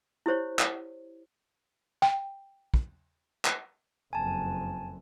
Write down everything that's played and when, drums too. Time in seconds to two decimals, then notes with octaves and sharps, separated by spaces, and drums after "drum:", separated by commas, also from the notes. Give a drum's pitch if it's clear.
0.26 E4 G4 C5 C#5
0.59 drum: clap
2.02 G5
2.74 drum: kick
3.45 drum: clap
4.13 F#1 F2 G#5 A5